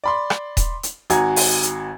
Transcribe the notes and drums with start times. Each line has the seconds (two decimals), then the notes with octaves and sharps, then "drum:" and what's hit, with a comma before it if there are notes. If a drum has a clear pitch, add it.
0.04 D5 B5 C6
0.30 drum: rim click
0.57 drum: kick D#1, hi-hat
0.83 drum: hi-hat
1.10 G#1 F#4 G#5 A#5 G#6, drum: hi-hat
1.36 drum: open hi-hat
1.63 drum: hi-hat